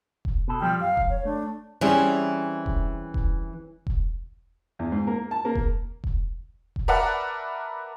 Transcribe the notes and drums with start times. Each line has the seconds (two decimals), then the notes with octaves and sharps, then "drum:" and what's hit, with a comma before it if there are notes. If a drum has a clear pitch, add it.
0.25 drum: kick E1
0.48 B2 A4
0.61 B1 F3 G3 G5
0.81 F#2 F5
0.97 drum: kick E1
1.10 C#5
1.25 A3 D4
1.81 E3 G3 C4 C#4 G#4
2.66 drum: kick E1
3.14 drum: kick E1
3.87 drum: kick E1
4.79 E2
4.92 G#2
5.07 A#3
5.31 A5
5.45 A#3
5.55 drum: kick E1
6.04 drum: kick E1
6.76 drum: kick E1
6.88 A#4 B4 D5 E5 F#5 A5